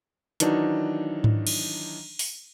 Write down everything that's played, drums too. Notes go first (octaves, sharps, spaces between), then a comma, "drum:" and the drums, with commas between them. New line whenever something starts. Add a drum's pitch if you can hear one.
D#3 E3 F#3 D4 D#4, drum: hi-hat
drum: tom G#2
drum: cymbal
drum: open hi-hat